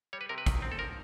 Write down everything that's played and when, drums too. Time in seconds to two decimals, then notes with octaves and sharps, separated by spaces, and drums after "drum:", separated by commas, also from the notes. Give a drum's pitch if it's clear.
0.13 G3 C#5
0.21 B4
0.29 C3 A#4
0.38 B4
0.46 D#3, drum: kick, hi-hat
0.62 C4
0.72 A4
0.79 F3 A#4